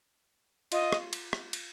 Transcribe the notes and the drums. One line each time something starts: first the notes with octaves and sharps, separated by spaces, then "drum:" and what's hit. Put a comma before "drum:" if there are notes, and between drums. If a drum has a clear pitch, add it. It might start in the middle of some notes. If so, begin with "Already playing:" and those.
F4 D#5, drum: cymbal
drum: rim click
drum: cymbal
drum: rim click
drum: cymbal